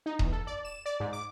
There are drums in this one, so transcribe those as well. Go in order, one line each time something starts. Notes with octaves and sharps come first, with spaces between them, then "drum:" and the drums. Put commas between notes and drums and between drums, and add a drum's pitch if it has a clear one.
D#4
E2, drum: kick D#1
A4
D5
E7
D5
G#2
D6